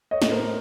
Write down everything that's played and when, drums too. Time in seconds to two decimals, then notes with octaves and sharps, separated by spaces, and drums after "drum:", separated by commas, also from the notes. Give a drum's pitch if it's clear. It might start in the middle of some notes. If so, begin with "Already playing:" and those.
0.11 C#5 D#5
0.22 A2, drum: snare
0.31 A#4 C5